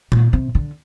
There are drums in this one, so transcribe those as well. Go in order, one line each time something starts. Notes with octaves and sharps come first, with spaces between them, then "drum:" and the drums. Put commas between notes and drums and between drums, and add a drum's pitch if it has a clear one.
A#2, drum: tom A#2
C3
D3